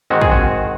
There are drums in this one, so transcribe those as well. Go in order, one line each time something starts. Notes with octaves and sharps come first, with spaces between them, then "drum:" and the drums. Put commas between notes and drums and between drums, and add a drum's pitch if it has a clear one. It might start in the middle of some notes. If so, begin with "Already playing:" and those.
G#2 D#3 G#3 C4 F#4
G#4, drum: kick
F#4